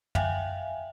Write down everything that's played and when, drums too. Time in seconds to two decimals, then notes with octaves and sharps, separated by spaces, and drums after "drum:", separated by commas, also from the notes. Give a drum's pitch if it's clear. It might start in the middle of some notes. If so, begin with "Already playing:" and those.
0.15 E5 F5 G5 G#5, drum: tom